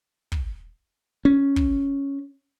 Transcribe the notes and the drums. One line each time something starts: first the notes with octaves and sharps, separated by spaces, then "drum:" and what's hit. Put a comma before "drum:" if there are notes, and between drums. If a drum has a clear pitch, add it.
drum: kick
C#4
drum: kick